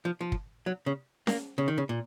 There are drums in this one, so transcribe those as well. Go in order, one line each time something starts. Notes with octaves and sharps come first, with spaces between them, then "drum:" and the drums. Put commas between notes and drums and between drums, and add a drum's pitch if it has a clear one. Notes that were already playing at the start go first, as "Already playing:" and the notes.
F3
F3
drum: kick
F#3
C#3
A#3, drum: snare C#4
C#3
D#3
C#3
A#2